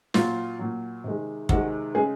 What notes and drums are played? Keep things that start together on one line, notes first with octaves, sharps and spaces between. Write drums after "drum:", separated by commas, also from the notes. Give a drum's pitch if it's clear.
A#2 F#3 F4, drum: snare
A#2 F#3
C3 D#3 G#3
C3 D#3 G#3 F#4, drum: kick
C#3 G#3 G#4